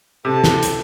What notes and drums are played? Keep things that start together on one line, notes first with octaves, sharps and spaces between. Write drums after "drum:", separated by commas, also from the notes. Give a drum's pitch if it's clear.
C3 A4 A5
drum: snare
drum: hi-hat